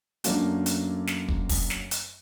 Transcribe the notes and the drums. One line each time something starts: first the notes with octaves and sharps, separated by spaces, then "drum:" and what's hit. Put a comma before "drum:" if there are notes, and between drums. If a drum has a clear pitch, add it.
F#2 A3 A#3 C#4 D4, drum: hi-hat
drum: hi-hat
drum: snare
drum: kick
drum: kick, open hi-hat
drum: snare
drum: hi-hat